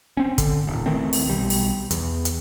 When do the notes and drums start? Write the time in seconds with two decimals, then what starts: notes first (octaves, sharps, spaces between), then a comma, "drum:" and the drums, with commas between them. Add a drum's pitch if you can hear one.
0.17 C4 C#4
0.38 D3, drum: kick, hi-hat
0.67 D#1
0.86 D#3 E3 A3 C4
1.13 drum: open hi-hat
1.26 B1 G3
1.50 drum: open hi-hat
1.91 E2, drum: hi-hat
2.25 drum: hi-hat